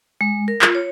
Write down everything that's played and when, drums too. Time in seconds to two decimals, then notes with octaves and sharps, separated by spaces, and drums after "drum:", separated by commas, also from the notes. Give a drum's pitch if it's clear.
0.21 G#3
0.48 A#4
0.62 F4, drum: clap
0.75 C#5